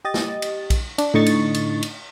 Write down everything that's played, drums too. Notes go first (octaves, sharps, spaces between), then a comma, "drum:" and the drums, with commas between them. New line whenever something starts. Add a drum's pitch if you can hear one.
G4 D#5 A6
drum: snare
drum: cymbal
drum: kick, cymbal
D4, drum: cymbal
A2 D3 D#4 D#5 C#6 A6
drum: cymbal
drum: cymbal
drum: cymbal